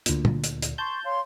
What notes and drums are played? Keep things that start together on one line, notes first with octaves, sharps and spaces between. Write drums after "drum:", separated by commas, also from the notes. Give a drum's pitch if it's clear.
D2 A#2, drum: hi-hat
drum: tom
drum: hi-hat
drum: hi-hat
A5 C6 C#6 G6
C#5 F5 C6